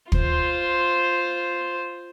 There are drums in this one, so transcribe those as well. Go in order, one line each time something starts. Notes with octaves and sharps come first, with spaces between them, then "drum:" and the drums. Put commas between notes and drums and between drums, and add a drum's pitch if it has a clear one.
F4 C5, drum: kick